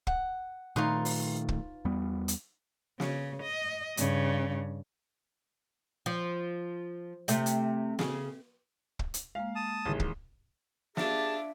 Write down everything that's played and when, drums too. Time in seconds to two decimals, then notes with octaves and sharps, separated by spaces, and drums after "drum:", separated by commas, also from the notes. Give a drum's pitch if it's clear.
0.07 F#5, drum: kick
0.76 A#2 D#3 A3 D#4 F4 B4 C#5 C6
1.05 drum: open hi-hat
1.49 drum: kick
1.85 E2 G3 B3
2.28 drum: hi-hat
3.00 C#3, drum: snare
3.42 D#5
3.97 G2 C#3, drum: hi-hat
6.06 F3
7.28 C3 A3, drum: hi-hat
7.46 drum: hi-hat
7.99 C#3, drum: snare
8.99 drum: kick
9.14 drum: hi-hat
9.35 G#3 A#3 F5
9.55 A5 D#6
9.85 A1 D#3 G#4
10.00 drum: kick
10.97 D4 F4 G4 G#4 E5 A5, drum: snare